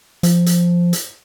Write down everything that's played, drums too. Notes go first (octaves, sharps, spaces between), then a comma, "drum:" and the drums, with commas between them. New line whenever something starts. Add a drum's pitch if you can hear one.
F3, drum: hi-hat
drum: hi-hat
drum: hi-hat